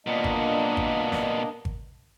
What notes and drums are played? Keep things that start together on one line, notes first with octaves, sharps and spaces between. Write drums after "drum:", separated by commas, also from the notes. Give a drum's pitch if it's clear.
A#2 A#3 B3 D4 D#5
drum: kick G#1
drum: kick G#1
drum: snare
drum: kick G#1